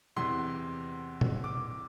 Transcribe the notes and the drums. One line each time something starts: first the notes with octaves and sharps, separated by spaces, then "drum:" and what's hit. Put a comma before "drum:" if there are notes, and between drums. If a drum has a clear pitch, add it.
E2 C3 E3 C6
drum: tom A#2
D6